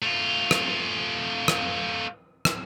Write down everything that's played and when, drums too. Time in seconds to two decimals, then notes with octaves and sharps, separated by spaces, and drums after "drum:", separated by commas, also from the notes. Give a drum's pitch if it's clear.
0.02 A3 F4
0.51 drum: rim click
1.48 drum: rim click
2.45 drum: rim click